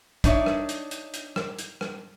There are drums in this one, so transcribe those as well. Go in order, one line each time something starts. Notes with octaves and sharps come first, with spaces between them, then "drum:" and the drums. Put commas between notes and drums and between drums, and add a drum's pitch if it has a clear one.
D4 D#4 C#5 D5 E5, drum: kick, hi-hat
drum: rim click
drum: hi-hat
drum: hi-hat
drum: hi-hat
drum: rim click
drum: hi-hat
drum: rim click